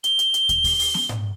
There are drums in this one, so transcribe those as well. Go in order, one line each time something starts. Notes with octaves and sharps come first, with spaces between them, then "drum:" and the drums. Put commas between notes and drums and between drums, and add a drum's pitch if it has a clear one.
G7, drum: hi-hat
drum: hi-hat
drum: hi-hat
drum: kick, hi-hat
drum: kick, open hi-hat
drum: open hi-hat
drum: snare
drum: tom G#2